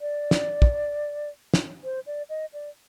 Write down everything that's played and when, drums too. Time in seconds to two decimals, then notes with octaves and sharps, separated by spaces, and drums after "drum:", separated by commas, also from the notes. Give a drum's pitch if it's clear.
0.01 D5
0.31 drum: snare
0.62 drum: kick
1.54 drum: snare
1.84 C5
2.06 D5
2.29 D#5
2.53 D5